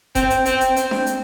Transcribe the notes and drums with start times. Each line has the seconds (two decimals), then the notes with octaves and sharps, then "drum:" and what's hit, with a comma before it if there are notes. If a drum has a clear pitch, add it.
0.15 C4, drum: kick E1, hi-hat
0.30 drum: hi-hat
0.45 C4, drum: hi-hat
0.61 drum: hi-hat
0.76 C4, drum: hi-hat
0.91 drum: snare D4
1.06 drum: hi-hat